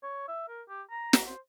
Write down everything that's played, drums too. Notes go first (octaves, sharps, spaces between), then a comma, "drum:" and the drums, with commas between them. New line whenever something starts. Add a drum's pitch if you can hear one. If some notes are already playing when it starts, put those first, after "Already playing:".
C#5
E5
A#4
G4
A#5
drum: snare
C5